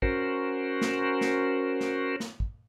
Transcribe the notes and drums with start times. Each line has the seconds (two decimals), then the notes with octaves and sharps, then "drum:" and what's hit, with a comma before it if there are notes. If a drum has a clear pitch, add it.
0.02 C#4 F#4 A#4 C5, drum: kick
0.82 drum: snare
1.21 drum: snare
1.81 drum: snare
2.20 drum: snare
2.40 drum: kick